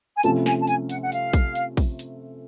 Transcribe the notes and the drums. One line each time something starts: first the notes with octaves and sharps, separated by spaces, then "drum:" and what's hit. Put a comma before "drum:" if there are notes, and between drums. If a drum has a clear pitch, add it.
G#5
C3 F3 A3 C#4 F4 A5, drum: hi-hat
G#5, drum: snare
A5
G#5, drum: hi-hat
F#5, drum: hi-hat
F#5
F5, drum: hi-hat
drum: kick, hi-hat
drum: hi-hat
drum: kick, open hi-hat
drum: hi-hat